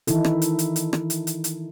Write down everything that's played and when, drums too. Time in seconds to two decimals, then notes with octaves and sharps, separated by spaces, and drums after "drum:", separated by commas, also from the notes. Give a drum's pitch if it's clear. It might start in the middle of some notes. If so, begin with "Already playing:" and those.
0.07 D#3 E3 D#4 E4 A4, drum: hi-hat
0.24 drum: rim click
0.42 drum: hi-hat
0.59 drum: hi-hat
0.76 drum: hi-hat
0.93 drum: rim click
1.10 drum: hi-hat
1.27 drum: hi-hat
1.44 drum: hi-hat